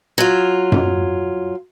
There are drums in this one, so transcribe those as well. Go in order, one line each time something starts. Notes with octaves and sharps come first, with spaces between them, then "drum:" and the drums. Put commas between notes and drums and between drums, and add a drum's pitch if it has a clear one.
F#3 F4
drum: tom F#2